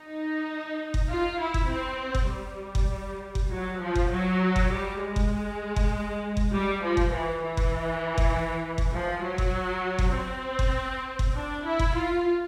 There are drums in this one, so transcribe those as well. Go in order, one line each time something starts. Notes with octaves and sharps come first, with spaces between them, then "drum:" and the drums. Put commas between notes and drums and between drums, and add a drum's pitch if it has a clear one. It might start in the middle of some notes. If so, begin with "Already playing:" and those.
Already playing: D#4
drum: kick F#1
F4
E4
drum: kick F#1
C4
drum: kick F#1
G3
drum: kick F#1
drum: kick F#1
F#3
F3
drum: kick F#1
F#3
drum: kick F#1
G3
G#3
drum: kick F#1
drum: kick F#1
drum: kick F#1
G3
F3
drum: kick F#1
E3
E3
drum: kick F#1
drum: kick F#1
drum: kick F#1
F3
F#3
drum: kick F#1
drum: kick F#1
C4
drum: kick F#1
drum: kick F#1
D4
E4
drum: kick F#1
F4